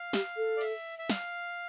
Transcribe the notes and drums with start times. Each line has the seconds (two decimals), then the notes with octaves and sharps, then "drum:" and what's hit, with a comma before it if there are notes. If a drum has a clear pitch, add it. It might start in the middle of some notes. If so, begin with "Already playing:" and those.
Already playing: F5
0.13 G4, drum: snare
0.37 A4
0.57 D5
0.61 E5, drum: cymbal
0.99 E5
1.10 F5, drum: snare